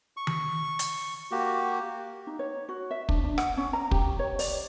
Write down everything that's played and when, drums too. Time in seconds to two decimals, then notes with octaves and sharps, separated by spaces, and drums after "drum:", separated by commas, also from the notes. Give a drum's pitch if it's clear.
0.17 C#6
0.27 drum: tom D#3
0.79 drum: hi-hat
1.31 A#3 F#4 G4
2.27 D#4
2.39 C#5
2.69 F#4
2.91 E5
3.09 D4, drum: kick
3.24 D4
3.38 F#5, drum: rim click
3.57 C#4
3.73 A#5
3.91 G4, drum: kick
4.19 C#5
4.39 D5, drum: open hi-hat